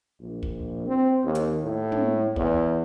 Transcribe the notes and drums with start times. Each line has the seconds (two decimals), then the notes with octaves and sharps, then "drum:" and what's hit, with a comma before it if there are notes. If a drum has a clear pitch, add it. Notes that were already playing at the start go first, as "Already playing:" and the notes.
0.20 A#1
0.43 drum: kick
0.87 C4
1.25 D#2
1.35 drum: hi-hat
1.63 A2
1.92 drum: tom
2.36 E2, drum: kick